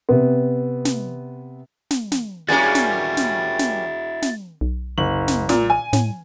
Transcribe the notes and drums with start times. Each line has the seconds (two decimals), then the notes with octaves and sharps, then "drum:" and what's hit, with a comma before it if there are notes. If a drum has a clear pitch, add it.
0.09 C3 B3
0.85 drum: snare
1.91 drum: snare
2.12 drum: snare
2.49 G3 A#3 C#4 E4 F#4 G#4 A6
2.75 drum: snare
3.17 drum: snare
3.59 drum: snare
4.22 drum: snare
4.61 B1
4.98 F#1 F#7
5.28 drum: snare
5.49 A#2, drum: snare
5.70 G#5
5.93 A2, drum: snare